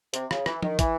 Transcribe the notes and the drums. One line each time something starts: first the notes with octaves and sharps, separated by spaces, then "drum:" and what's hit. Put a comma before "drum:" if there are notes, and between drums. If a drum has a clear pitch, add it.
C3, drum: hi-hat
C#3, drum: rim click
E3, drum: rim click
D#3, drum: tom F3
E3, drum: kick, hi-hat